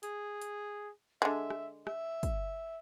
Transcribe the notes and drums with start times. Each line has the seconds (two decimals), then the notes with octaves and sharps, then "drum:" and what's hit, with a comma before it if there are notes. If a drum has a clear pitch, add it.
0.03 G#4, drum: hi-hat
0.42 drum: hi-hat
1.22 D3 G#3 E5
1.50 drum: rim click
1.87 E5, drum: rim click
2.23 drum: kick, hi-hat